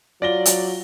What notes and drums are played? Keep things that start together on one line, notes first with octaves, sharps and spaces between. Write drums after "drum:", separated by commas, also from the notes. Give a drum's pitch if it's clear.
F#3 F4 D5 A#6 G7
drum: hi-hat